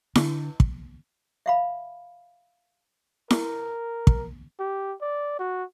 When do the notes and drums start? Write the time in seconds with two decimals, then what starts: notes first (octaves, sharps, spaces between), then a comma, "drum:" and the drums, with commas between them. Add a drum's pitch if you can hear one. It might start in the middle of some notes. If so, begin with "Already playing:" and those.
0.15 D3, drum: snare E4
0.60 drum: kick
1.46 E5 F5 B5
3.31 A#4, drum: snare E4
4.07 drum: kick
4.60 G4
5.01 D5
5.39 F#4